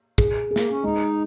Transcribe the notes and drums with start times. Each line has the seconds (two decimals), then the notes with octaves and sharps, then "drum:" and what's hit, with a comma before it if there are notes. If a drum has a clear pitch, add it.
0.18 G#4, drum: kick
0.51 G#4
0.56 A#3, drum: snare
0.71 C#4
0.83 G#3 D#4